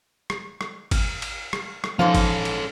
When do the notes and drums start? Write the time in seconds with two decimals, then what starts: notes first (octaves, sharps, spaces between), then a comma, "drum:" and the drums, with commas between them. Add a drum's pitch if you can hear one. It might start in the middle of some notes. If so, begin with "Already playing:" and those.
0.30 drum: rim click
0.61 drum: rim click
0.91 drum: kick G#1, cymbal
1.22 drum: cymbal
1.53 drum: rim click
1.84 drum: rim click
1.99 G#2 F3 C#4 A4 C5 F5
2.15 drum: kick G#1, cymbal
2.45 drum: cymbal